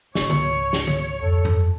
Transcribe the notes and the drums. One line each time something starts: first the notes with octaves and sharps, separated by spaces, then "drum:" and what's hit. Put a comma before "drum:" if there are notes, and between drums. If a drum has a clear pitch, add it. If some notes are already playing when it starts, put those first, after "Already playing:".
C#2 G#2 C#5 C#6, drum: snare
drum: tom D3
drum: snare
drum: tom D3
F2 A4
drum: tom G2